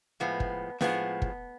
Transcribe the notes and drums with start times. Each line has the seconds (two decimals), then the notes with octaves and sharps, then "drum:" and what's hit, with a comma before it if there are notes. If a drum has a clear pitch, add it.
0.20 A2 F3 G#3 B3
0.40 drum: kick
0.81 A2 F3 G#3 B3, drum: snare
1.22 drum: kick